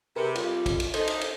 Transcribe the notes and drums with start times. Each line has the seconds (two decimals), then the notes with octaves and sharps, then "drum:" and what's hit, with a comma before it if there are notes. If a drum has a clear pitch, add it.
0.16 C3 G#4 A#4 B4
0.35 F2 G3 F4, drum: cymbal
0.66 drum: kick, cymbal
0.80 drum: cymbal
0.94 D4 D#4 A4 C5, drum: cymbal
1.07 drum: cymbal
1.21 drum: cymbal